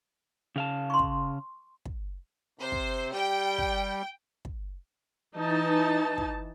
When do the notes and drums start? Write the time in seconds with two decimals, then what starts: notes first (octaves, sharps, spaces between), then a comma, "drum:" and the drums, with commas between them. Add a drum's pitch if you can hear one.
0.56 C#3 F5 A5
0.90 C6 C#6
0.99 drum: kick
1.85 drum: kick
2.59 C3 C5
2.72 drum: kick
3.12 G3 G5
3.58 drum: kick
4.45 drum: kick
5.37 E3 D#4 A5
6.18 drum: kick